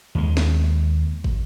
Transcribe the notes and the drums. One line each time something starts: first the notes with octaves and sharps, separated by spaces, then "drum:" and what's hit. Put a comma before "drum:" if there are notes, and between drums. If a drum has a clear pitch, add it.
D#2 G#3
drum: snare
drum: kick